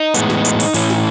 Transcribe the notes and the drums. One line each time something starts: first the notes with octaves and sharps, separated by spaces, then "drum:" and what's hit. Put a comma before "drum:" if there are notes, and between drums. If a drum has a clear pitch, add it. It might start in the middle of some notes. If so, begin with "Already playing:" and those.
Already playing: D#4
A2 E3 G#3 B3, drum: hi-hat
drum: snare
drum: hi-hat
drum: open hi-hat
A2 E3 A3 C#4 E4, drum: open hi-hat
drum: snare